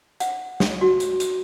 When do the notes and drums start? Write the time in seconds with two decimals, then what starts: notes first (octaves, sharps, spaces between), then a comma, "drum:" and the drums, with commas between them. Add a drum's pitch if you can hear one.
0.20 F#5, drum: hi-hat
0.60 drum: snare
0.81 F#4
1.00 drum: hi-hat
1.20 drum: hi-hat